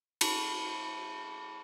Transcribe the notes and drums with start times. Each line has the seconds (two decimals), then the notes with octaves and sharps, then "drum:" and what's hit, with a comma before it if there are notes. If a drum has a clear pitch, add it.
0.21 A5 B5 F#7, drum: cymbal